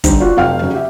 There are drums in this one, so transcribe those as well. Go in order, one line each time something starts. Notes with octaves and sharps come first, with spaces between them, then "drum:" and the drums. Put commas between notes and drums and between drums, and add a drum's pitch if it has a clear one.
D3 G3 D#4 G4 C5, drum: kick, hi-hat
F4 F#4 D5
F1 F#3 F5 G5 F6
C#3 F#3
G4 E5